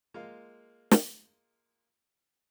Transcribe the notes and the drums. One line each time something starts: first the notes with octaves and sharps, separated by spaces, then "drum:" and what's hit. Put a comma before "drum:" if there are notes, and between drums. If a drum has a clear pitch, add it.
G#3 A#3 F4 F5
drum: snare